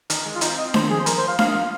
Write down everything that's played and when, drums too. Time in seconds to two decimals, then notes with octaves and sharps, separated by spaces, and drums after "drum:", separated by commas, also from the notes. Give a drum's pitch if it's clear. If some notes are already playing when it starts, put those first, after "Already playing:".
0.10 D#3, drum: hi-hat
0.26 G#3
0.36 F4
0.41 C4 D#4, drum: hi-hat
0.58 D#5
0.74 D#3 C5, drum: snare D4
0.90 F3 G#4
1.00 C5
1.06 F3 A#4, drum: hi-hat
1.18 C5
1.28 F5
1.39 A#3 F5, drum: snare D4
1.47 D#4
1.54 F3 F5